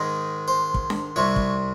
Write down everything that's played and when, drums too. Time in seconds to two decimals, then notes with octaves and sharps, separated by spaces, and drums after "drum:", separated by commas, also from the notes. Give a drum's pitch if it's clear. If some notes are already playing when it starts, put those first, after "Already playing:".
Already playing: G#2 D#3 G#3 D#5
0.48 C5
0.74 drum: kick
0.90 drum: snare D4
1.16 C2 C3 G3 C#5
1.36 drum: kick